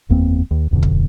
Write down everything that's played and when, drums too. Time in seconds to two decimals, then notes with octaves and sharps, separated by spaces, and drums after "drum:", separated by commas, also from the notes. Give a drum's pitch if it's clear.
0.09 F#1 E2 A#3 C4
0.51 D#2
0.71 D1 F2 B2 D3
0.83 drum: kick